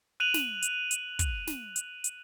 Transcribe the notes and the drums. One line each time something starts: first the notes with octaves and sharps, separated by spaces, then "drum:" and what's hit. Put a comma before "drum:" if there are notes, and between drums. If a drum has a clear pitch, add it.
F#6 D#7 F7 F#7
drum: snare
drum: hi-hat
drum: hi-hat
drum: kick, hi-hat
drum: snare
drum: hi-hat
drum: hi-hat